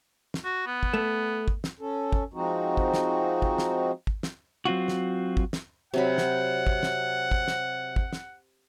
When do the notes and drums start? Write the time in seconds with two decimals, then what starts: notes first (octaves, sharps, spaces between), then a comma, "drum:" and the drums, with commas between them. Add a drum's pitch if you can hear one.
0.34 drum: snare
0.45 F#4
0.67 B3
0.83 drum: kick
0.94 A3
1.48 drum: kick
1.64 drum: snare
1.80 C#4 A4
2.13 drum: kick
2.34 F3 G#3 C4 D#4 F#4
2.77 drum: kick
2.94 drum: snare
3.42 drum: kick
3.58 drum: snare
4.07 drum: kick
4.23 drum: snare
4.65 F#3 C4 F4 F#4
4.88 drum: snare
5.37 drum: kick
5.53 drum: snare
5.94 C3 F#3 F#5 B5
6.18 drum: snare
6.67 drum: kick
6.83 drum: snare
7.31 drum: kick
7.48 drum: snare
7.96 drum: kick
8.13 drum: snare